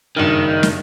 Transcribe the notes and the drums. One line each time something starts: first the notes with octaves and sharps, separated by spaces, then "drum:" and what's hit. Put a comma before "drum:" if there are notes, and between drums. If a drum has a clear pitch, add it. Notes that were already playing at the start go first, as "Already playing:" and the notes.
F#1 G2 D#3 F6
drum: snare